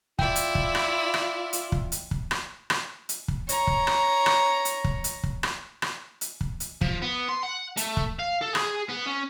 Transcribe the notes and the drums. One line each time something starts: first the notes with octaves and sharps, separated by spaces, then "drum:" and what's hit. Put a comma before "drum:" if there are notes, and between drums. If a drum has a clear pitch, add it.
E4 F4 D5 G5, drum: kick
drum: hi-hat
drum: kick
drum: rim click
drum: rim click
drum: hi-hat
drum: kick
drum: hi-hat
drum: kick
drum: rim click
drum: rim click
drum: hi-hat
drum: kick
C#5 A#5, drum: hi-hat
drum: kick
drum: rim click
drum: rim click
drum: hi-hat
drum: kick
drum: hi-hat
drum: kick
drum: rim click
drum: rim click
drum: hi-hat
drum: kick
drum: hi-hat
F3, drum: kick
B3
C6
F#5
A3, drum: hi-hat
drum: kick
F5
A4
G#4, drum: rim click
B3
C#4